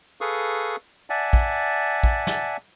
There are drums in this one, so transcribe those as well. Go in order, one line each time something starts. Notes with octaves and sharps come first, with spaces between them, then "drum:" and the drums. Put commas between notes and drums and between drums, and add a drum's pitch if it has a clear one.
G#4 A4 B4 F5 C#6 D#6
D5 E5 F#5 G#5 A5
drum: kick
drum: kick
drum: snare